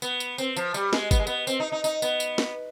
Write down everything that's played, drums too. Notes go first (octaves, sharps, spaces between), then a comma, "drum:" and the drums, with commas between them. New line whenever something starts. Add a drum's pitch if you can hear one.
B3, drum: tambourine
drum: tambourine
C4, drum: tambourine
F3, drum: tambourine
G3, drum: tambourine
G#3, drum: snare
B3, drum: kick, tambourine
G#3
B3, drum: tambourine
C4, drum: tambourine
D#4
D#4
D#4, drum: tambourine
B3, drum: tambourine
drum: tambourine
drum: snare